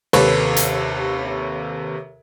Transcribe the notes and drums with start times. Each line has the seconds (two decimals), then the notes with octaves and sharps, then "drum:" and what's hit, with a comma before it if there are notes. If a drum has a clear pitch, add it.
0.13 D#2 C3 A4 B4 C#5 C#6, drum: cymbal
0.56 drum: hi-hat